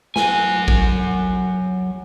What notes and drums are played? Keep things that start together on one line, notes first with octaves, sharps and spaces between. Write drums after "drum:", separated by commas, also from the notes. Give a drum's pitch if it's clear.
F#3 G#5, drum: snare
drum: kick A1